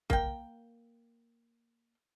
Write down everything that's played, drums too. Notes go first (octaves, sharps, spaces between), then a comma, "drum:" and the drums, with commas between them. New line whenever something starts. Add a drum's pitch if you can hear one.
A#3 G5, drum: kick